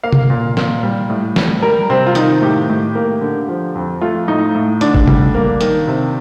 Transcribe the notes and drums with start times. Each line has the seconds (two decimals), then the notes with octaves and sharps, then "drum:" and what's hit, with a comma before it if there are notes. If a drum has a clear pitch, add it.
0.04 A#3 F5
0.13 drum: tom C3
0.30 A#2
0.57 A#2, drum: snare
0.83 G3
1.10 A2
1.36 G3, drum: snare
1.62 G3 A#4
1.90 C3 C4
2.07 F4
2.15 D#3 D#4, drum: hi-hat
2.42 A2 G4
2.69 A2
2.95 A#3
3.21 D3
3.48 F3
3.75 F2
4.01 A3 F4
4.28 A2 D#4
4.55 A2
4.81 D3 D4, drum: hi-hat
4.94 drum: kick
5.08 G3, drum: tom C3
5.34 A#3
5.61 D#3, drum: hi-hat
5.87 C3